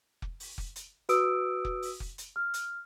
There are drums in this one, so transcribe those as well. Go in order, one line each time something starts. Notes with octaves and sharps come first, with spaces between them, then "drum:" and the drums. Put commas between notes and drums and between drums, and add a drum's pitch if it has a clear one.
drum: kick F1
drum: open hi-hat
drum: kick F1
drum: hi-hat
F#4 B4 D#6 E6 D7, drum: hi-hat
drum: kick F1
drum: open hi-hat
drum: kick F1
drum: hi-hat
F6
drum: hi-hat